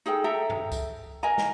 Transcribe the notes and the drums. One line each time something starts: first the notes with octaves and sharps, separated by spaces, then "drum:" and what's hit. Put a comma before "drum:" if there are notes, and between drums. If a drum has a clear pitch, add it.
D#4 G#4 A4 G5
A4 E5 G5 A#5
drum: tom F#2
drum: kick C#2, tambourine
A#4 D#5 G#5 A#5
drum: snare